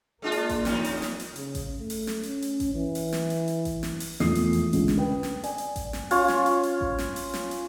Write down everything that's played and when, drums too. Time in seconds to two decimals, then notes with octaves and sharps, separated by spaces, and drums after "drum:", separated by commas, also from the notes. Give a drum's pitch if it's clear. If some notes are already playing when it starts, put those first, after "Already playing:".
0.22 G#3 A#3 D4 F4
0.32 drum: hi-hat
0.49 drum: kick A1, hi-hat
0.65 E2 D#4, drum: snare
0.84 drum: open hi-hat
1.02 drum: snare
1.20 drum: hi-hat
1.36 C#3, drum: hi-hat
1.55 drum: kick A1, hi-hat
1.80 A3
1.90 drum: open hi-hat
2.07 drum: snare
2.23 C#4, drum: hi-hat
2.42 drum: hi-hat
2.60 drum: kick A1, hi-hat
2.74 E3
2.95 drum: open hi-hat
3.13 drum: snare
3.30 drum: hi-hat
3.48 drum: hi-hat
3.65 drum: kick A1, hi-hat
3.83 drum: snare
4.00 drum: open hi-hat
4.20 E1 E2 F3 A3 D#6 C7, drum: snare
4.35 drum: hi-hat
4.53 drum: hi-hat
4.73 C#2 D3, drum: kick A1, hi-hat
4.88 drum: snare
4.98 B4 G5
5.23 drum: snare
5.44 D5 G#5, drum: hi-hat
5.58 drum: hi-hat
5.76 drum: kick A1, hi-hat
5.93 drum: snare
6.11 C#4 F4 C#5, drum: open hi-hat
6.28 drum: snare
6.46 drum: hi-hat
6.63 drum: hi-hat
6.81 drum: kick A1
6.98 drum: snare
7.16 drum: open hi-hat
7.34 drum: snare
7.51 drum: hi-hat